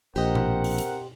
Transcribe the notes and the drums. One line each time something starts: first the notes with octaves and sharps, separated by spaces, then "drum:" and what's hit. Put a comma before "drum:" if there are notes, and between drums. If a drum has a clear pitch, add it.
A#1 C4 G4 A#4 C5 D#5 F#5
drum: tom B2
drum: open hi-hat
drum: hi-hat